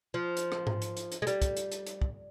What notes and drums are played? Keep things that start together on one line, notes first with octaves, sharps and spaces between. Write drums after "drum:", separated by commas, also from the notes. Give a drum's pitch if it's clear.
F3
drum: hi-hat
drum: rim click
drum: tom G#2
drum: hi-hat
drum: hi-hat
drum: hi-hat
G#3
G3, drum: hi-hat
drum: kick, hi-hat
drum: hi-hat
drum: hi-hat
drum: hi-hat
drum: kick